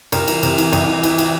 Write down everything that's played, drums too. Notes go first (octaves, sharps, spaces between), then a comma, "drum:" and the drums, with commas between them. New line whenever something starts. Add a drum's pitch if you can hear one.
C2 A#4, drum: cymbal
E3, drum: cymbal
C3, drum: cymbal
E3, drum: cymbal
C2, drum: cymbal
E3
E3, drum: cymbal
E3, drum: cymbal